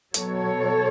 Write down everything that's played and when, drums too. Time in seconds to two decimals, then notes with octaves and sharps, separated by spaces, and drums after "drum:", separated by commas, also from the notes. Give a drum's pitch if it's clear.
0.14 B2 F#3 A4 C#5, drum: hi-hat